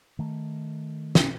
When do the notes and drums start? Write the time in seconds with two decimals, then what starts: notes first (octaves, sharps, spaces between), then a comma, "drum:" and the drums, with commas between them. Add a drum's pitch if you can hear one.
0.19 D#3 A3
1.15 drum: snare